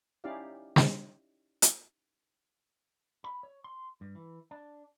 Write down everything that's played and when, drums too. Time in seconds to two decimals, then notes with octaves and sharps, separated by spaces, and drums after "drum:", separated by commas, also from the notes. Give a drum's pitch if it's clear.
0.24 C#4 D#4 E4 G4 D5 F5
0.76 drum: snare
1.62 drum: hi-hat
3.24 B5
3.43 C#5
3.64 C6
4.01 G2
4.15 E3
4.51 D4